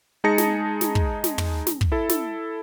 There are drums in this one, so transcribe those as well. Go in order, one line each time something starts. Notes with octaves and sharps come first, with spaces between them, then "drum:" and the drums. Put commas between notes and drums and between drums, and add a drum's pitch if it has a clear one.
G#3 D#4 G#4 A5 A#6 C#7
drum: snare
drum: snare
drum: kick
drum: snare
drum: tom
drum: snare
drum: kick
E4 A4
drum: snare